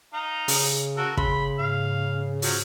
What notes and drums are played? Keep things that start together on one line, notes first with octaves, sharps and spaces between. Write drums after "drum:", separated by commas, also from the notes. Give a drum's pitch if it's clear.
D#4 F5 A#5
C#3, drum: open hi-hat
F#4 A4 A#4
C#3 B5 C6, drum: kick
G#2 F5
F3 F#3, drum: open hi-hat